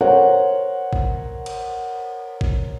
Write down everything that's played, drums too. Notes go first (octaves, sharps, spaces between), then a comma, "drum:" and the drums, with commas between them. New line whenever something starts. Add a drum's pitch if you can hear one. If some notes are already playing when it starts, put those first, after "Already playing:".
A#4 C5 C#5 F#5
drum: kick A1
drum: cymbal
drum: kick A1